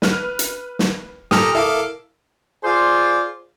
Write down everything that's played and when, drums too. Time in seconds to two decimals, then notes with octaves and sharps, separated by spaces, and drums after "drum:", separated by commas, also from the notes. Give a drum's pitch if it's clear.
0.02 B4 F6, drum: snare
0.39 drum: hi-hat
0.79 drum: snare
1.31 A#2 G4 A4 A#5 D#6 F6, drum: snare
1.55 E4 A4 A#4 F5 D6
2.64 F4 G#4 C5 D5